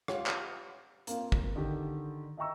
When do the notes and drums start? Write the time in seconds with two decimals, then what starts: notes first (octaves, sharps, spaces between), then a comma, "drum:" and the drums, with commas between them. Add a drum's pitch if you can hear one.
0.08 F4 G4 C#5 F5 F#5, drum: rim click
0.26 drum: clap
1.07 A#3 C4 F4, drum: hi-hat
1.32 drum: kick
1.56 D3 D#3 G4
2.37 D#5 E5 G5 A#5 C#6 E6